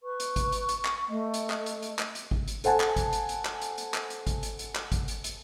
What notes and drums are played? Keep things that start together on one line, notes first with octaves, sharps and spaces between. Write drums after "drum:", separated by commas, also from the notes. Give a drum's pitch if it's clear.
B4 C#6
drum: hi-hat
drum: kick G#1, hi-hat
drum: hi-hat
drum: hi-hat
drum: clap
A3 D#5
drum: hi-hat
drum: clap
drum: hi-hat
drum: hi-hat
drum: clap
drum: hi-hat
drum: kick G#1
drum: hi-hat
A4 C5 F#5 G#5 A5, drum: hi-hat
drum: clap
drum: kick G#1, hi-hat
drum: hi-hat
drum: hi-hat
drum: clap
drum: hi-hat
drum: hi-hat
drum: clap
drum: hi-hat
drum: kick G#1, hi-hat
drum: hi-hat
drum: hi-hat
drum: clap
drum: kick G#1, hi-hat
drum: hi-hat
drum: hi-hat